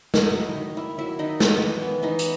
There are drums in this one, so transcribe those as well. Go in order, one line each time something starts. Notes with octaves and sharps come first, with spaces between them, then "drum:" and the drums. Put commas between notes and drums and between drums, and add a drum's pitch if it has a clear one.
F#3 D#4, drum: snare
D#3 E4
D#4
D#3
A#3 E4
F#3 E4
D#3 D#4
B3, drum: snare
E3
B3
E3 D#4
drum: hi-hat